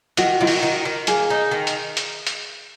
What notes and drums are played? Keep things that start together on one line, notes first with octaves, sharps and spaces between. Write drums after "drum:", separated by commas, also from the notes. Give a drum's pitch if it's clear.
D#3 F#4, drum: hi-hat
D#3 F4
F#4, drum: open hi-hat
D#3
D#3
A#3 G#4, drum: hi-hat
D#4
D#3
drum: hi-hat
drum: hi-hat
drum: hi-hat